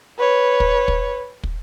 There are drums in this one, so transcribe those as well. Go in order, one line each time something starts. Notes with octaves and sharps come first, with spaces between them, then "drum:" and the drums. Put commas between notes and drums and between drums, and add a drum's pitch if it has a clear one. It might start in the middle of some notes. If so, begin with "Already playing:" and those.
B4 C#5
drum: kick
drum: kick
drum: kick